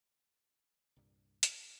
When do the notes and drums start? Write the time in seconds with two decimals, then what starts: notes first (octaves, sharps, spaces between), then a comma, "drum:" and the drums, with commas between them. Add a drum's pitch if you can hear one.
0.96 C2 G2 A#2 G3
1.43 drum: hi-hat